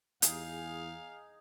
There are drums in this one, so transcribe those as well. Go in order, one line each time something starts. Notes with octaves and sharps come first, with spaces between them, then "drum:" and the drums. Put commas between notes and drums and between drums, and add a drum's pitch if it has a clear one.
E2 D#4 G#4 F5, drum: hi-hat